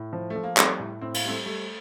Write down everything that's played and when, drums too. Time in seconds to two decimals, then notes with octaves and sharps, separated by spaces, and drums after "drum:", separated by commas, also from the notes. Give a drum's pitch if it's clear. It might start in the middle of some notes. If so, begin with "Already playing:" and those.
Already playing: A2
0.13 F3
0.30 A3
0.36 F3
0.43 A#3
0.57 G3 A3 C4, drum: clap
0.79 A2
1.01 A2 C4
1.14 A#3, drum: cymbal
1.24 G3 A3 C4
1.46 G3 A3